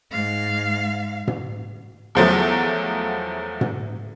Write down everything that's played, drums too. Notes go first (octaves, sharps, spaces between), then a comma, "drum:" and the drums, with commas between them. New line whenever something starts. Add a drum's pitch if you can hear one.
G#2 F5
drum: tom
E2 F3 F#3 A3
drum: tom